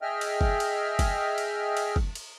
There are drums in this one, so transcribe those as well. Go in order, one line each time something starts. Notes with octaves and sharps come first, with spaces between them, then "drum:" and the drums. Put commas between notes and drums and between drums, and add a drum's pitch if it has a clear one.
G#4 D#5 E5 G5 F6
drum: cymbal
drum: kick
drum: cymbal
drum: kick, cymbal
drum: cymbal
drum: cymbal
drum: kick
drum: cymbal